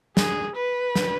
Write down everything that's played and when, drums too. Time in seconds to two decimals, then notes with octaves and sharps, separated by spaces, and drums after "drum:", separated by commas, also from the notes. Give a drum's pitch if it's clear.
0.17 G#4, drum: snare
0.56 B4
0.95 drum: snare